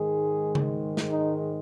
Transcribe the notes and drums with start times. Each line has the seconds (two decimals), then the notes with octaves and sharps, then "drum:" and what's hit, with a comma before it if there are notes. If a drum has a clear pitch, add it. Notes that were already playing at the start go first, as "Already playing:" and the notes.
Already playing: G#2 D#3 G#3 G#4
0.55 drum: tom C#3
0.97 drum: snare
1.11 D#4